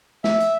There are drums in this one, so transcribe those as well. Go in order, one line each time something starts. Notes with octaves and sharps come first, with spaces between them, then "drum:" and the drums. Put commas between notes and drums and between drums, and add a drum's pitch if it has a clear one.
E5, drum: snare
drum: hi-hat